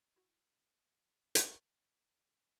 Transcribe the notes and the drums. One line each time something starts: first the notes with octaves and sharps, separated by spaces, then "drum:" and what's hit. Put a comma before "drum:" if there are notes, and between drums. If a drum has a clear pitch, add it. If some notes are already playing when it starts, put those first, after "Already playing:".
E4 F#4
drum: hi-hat